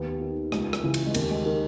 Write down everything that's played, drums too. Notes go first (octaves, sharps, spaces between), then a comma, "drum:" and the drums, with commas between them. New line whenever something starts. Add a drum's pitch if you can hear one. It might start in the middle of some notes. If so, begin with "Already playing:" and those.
Already playing: D#2 B3
D#3
C#2, drum: rim click
drum: rim click
C#3 E3
drum: cymbal
G#3
D#2 A#3, drum: cymbal
G#3
D#3 A#3